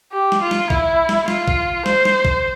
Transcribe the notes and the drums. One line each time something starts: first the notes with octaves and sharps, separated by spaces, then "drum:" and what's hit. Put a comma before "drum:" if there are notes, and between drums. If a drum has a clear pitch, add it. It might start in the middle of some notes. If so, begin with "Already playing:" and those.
G4
drum: snare
F4
drum: snare
E4, drum: kick A#1
drum: snare
F4, drum: snare
drum: kick A#1
C5, drum: snare
drum: snare
drum: kick A#1